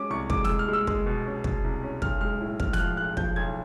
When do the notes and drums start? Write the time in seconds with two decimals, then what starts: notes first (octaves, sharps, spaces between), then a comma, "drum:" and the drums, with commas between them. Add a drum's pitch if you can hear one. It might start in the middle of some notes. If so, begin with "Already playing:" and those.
Already playing: G#3 C#4 D6
0.10 C2 C#6
0.30 G#3 D6, drum: kick
0.44 G#3 E6, drum: snare
0.59 F6
0.68 G#3
0.73 E6
0.87 G#3, drum: kick
1.06 B2
1.26 C#4
1.44 B2, drum: kick
1.64 C2
1.83 C#4
2.02 B1 F6, drum: kick
2.21 G#3 F6
2.40 A2
2.60 A2 F6, drum: kick
2.73 F#6, drum: snare
2.79 F3 F6
2.97 B1 F#6
3.17 F3 G6, drum: kick
3.36 B1 G#6